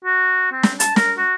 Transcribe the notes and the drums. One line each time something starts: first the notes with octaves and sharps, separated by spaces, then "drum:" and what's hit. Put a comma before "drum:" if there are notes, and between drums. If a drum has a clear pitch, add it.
F#4
C4
drum: snare
A5, drum: hi-hat
A#4, drum: snare
F#4